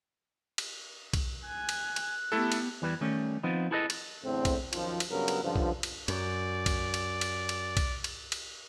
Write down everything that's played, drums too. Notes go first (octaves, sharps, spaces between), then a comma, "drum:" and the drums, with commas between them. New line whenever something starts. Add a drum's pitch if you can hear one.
drum: cymbal
drum: kick B1, cymbal
G#5 F#6
drum: cymbal
drum: cymbal
A3 B3 E4 G4 A4
drum: cymbal
E2 E3 G3 B4
D#3 G3 A3 C#4
F3 B3 C4 D#4
E4 G#4 A4 B4 D5 D#5
drum: cymbal
E2 A2 D3 C4
drum: kick B1, cymbal
F#2 D#3 F3, drum: cymbal
drum: cymbal
G2 C#3 F#3 B3 A#4
drum: cymbal
C#2 G2 D3 F3
drum: kick B1
drum: cymbal
F#2 D5, drum: cymbal
drum: kick B1, cymbal
drum: cymbal
drum: cymbal
drum: cymbal
drum: kick B1, cymbal
drum: cymbal
drum: cymbal